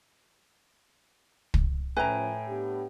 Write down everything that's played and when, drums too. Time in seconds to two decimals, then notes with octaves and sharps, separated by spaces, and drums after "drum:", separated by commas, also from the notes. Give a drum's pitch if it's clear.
1.54 drum: kick
1.97 A2 F3 C#4 B4 G5 G#5 A#5
2.47 B3 D4 G4